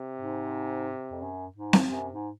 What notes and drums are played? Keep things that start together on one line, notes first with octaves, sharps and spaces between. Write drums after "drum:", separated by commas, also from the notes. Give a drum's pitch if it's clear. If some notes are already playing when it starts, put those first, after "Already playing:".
Already playing: C3
G#2
F2
F#2
G#2
drum: snare C4
F#2 C3
G#2